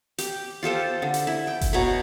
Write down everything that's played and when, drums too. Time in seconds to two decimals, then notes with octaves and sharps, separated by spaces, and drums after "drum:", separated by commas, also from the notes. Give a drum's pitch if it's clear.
0.18 G4, drum: hi-hat
0.63 F4 G4 A4 C5
1.02 D3
1.14 drum: hi-hat
1.27 E4
1.47 G5
1.61 drum: kick F#1, hi-hat
1.73 B2 C#5 A#5 B5